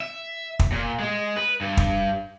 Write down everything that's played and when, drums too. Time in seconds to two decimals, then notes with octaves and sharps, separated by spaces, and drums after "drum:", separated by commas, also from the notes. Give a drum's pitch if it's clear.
0.01 E5
0.59 drum: kick
0.72 A#2
0.99 G#3
1.36 B4
1.61 G2
1.77 drum: kick